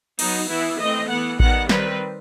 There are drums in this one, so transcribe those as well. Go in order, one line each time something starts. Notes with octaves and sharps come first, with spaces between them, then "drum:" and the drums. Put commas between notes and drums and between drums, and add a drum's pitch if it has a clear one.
F#3 B3 D#4, drum: cymbal
E3 B3 E4
E3 A3 C4 D#5
E3 B3 F#5
D#3 G3 B3 F#5, drum: kick A1
D#3 G3 C4 B4, drum: snare